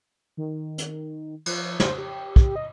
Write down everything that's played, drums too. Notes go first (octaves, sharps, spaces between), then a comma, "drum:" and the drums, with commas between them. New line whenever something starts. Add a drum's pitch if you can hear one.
D#3
drum: hi-hat
F3, drum: cymbal
C5, drum: snare
G4
drum: kick
D#5